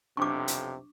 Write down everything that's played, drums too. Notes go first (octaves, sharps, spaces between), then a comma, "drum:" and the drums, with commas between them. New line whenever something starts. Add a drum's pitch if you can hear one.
B1 F2 C3 D4 C#6 D6
drum: hi-hat